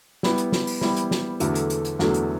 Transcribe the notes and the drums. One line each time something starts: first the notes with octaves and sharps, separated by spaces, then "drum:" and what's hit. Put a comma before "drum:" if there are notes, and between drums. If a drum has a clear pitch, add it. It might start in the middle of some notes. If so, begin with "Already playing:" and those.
G3 B3 E4, drum: snare
drum: hi-hat
drum: snare
drum: open hi-hat
G3 B3 E4, drum: snare
drum: hi-hat
drum: snare
E2 D3 F#3 A3, drum: hi-hat
drum: hi-hat
drum: hi-hat
drum: hi-hat
E2 D3 F#3 A3, drum: snare
drum: hi-hat